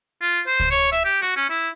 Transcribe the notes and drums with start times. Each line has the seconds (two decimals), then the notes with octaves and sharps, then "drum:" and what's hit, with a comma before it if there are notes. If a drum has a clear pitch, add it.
0.21 F4
0.47 C5
0.60 drum: kick C#2, hi-hat
0.71 C#5
0.92 E5, drum: hi-hat
1.05 G4
1.22 F#4, drum: hi-hat
1.36 C#4
1.50 E4